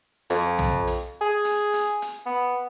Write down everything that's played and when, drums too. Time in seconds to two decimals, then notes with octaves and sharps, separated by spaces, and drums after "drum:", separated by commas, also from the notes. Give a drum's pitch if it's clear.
0.30 F2, drum: hi-hat
0.59 drum: tom
0.87 drum: hi-hat
1.21 G#4
1.45 drum: hi-hat
1.73 drum: hi-hat
2.02 drum: hi-hat
2.26 B3